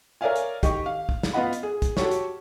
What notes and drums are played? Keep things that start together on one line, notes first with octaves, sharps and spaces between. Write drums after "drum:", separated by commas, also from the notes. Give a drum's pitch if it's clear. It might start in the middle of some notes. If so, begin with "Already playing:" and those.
A#4 C#5 D5 E5 F5 G#5
drum: hi-hat
D#3 G4 D#5 C#6, drum: kick, hi-hat
F5
drum: kick
drum: snare
B3 F4 D#5 F#5 B5
drum: hi-hat
G#4
drum: kick, hi-hat
F#4 G4 A4 C#5 C#6, drum: snare
drum: hi-hat